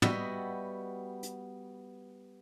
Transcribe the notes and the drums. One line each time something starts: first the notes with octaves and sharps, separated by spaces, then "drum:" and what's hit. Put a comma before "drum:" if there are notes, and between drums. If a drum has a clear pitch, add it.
G3 B3 F#4 D#5 E5, drum: tom
drum: hi-hat